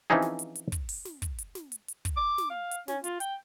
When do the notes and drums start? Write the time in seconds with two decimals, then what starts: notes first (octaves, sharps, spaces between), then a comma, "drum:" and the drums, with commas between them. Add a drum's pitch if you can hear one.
0.10 E3 F3 C4 C#4 D#4 G#4
0.22 drum: snare
0.39 drum: hi-hat
0.55 drum: hi-hat
0.72 drum: kick, hi-hat
0.89 drum: open hi-hat
1.05 drum: snare
1.22 drum: kick, hi-hat
1.38 drum: hi-hat
1.55 drum: snare
1.72 drum: hi-hat
1.88 drum: hi-hat
2.05 drum: kick, hi-hat
2.17 D6
2.38 drum: snare
2.50 F5
2.71 drum: hi-hat
2.88 C#4, drum: snare
3.04 F4, drum: hi-hat
3.20 G5, drum: hi-hat